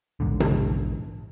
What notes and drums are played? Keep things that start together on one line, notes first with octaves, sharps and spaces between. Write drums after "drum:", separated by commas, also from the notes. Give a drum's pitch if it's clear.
A#1 E2 G#2 D3
drum: tom C3